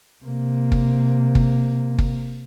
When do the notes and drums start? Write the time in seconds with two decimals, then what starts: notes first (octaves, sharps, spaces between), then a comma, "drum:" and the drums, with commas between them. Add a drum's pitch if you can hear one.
0.24 C3 A#3
0.72 drum: kick
1.35 drum: kick
1.99 drum: kick